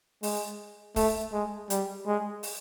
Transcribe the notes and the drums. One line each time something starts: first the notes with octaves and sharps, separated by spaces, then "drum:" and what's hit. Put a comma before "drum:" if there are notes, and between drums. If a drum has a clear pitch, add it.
G#3, drum: open hi-hat
A3, drum: kick, open hi-hat
G#3
G3, drum: hi-hat
G#3
drum: open hi-hat